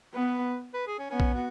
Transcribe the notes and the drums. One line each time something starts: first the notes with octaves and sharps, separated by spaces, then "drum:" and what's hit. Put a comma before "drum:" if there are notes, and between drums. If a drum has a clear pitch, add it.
B3 B4
B4
G#4
C#4
B3 C#4
drum: kick A#1
F#4